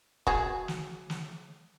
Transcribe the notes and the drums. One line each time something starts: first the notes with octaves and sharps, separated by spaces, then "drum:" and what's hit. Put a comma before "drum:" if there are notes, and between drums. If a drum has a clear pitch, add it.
F#4 G#4, drum: kick D#1
drum: snare
drum: snare